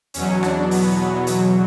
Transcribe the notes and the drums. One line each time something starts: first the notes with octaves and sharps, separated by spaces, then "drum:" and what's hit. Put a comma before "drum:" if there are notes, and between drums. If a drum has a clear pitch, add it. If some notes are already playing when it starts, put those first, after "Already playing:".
E2 B2 F#3 C#4, drum: hi-hat
D4, drum: rim click
B3, drum: open hi-hat
B3
drum: hi-hat